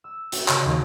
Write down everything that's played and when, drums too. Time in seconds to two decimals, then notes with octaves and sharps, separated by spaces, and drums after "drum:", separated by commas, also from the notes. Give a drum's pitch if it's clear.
0.04 E6
0.32 F#4, drum: hi-hat
0.48 C#3, drum: clap
0.66 D#2